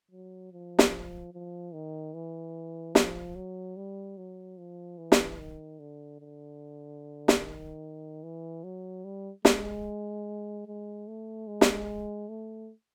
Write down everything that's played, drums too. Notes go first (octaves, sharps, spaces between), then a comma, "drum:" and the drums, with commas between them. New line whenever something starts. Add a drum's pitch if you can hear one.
F#3
F3
drum: snare
F3
D#3
E3
F3, drum: snare
F#3
G3
F#3
F3
E3
drum: snare
D#3
D3
D3
drum: snare
D#3
E3
F#3
G3
G#3, drum: snare
G#3
A3
G#3
drum: snare
A3